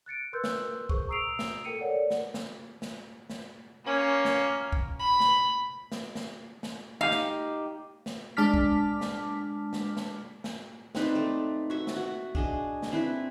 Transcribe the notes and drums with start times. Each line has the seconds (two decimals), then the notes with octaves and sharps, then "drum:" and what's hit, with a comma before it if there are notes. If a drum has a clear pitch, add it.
0.06 F#6 A6 C#7 D7
0.33 A#4 B4 C6 E6 F#6 G6
0.44 drum: snare
0.89 G#4 A#4 C5 C#6, drum: kick B1
1.08 A#5 D#6 E6 C7 D7 F7
1.39 drum: snare
1.64 A4 A#4 G5 C#7 D#7
1.80 A4 A#4 C#5 D5 F#5
2.10 drum: snare
2.34 drum: snare
2.82 drum: snare
3.30 drum: snare
3.85 A#3 C#4
4.25 drum: snare
4.72 drum: kick B1
4.99 B5
5.20 drum: snare
5.92 drum: snare
6.15 drum: snare
6.63 drum: snare
7.01 D#4 G4 F5
7.11 drum: snare
8.06 drum: snare
8.37 G#3 D4 A5 D6 F6 B6
8.54 drum: kick B1
9.01 drum: snare
9.73 drum: snare
9.97 drum: snare
10.44 drum: snare
10.95 C4 D#4 B4 D5, drum: snare
11.15 A3
11.70 F#4 E5
11.87 drum: snare
11.96 F#4
12.35 D4 G#4 D#5, drum: kick B1
12.82 drum: snare
12.92 C4 E4 B4